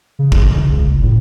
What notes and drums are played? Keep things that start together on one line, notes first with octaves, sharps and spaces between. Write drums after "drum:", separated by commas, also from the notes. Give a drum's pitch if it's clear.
C#3
E1, drum: kick G#1
A1
C#3
C#2
F#1
A2